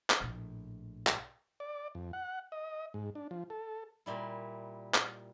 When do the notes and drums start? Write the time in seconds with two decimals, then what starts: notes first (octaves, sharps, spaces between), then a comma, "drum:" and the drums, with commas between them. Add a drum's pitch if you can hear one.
0.10 drum: clap
0.20 A#1 A2
1.07 drum: clap
1.60 D5
1.95 F2
2.13 F#5
2.52 D#5
2.94 G#2
3.15 D4
3.31 F3
3.50 A4
4.06 A#2 G3 E4
4.94 drum: clap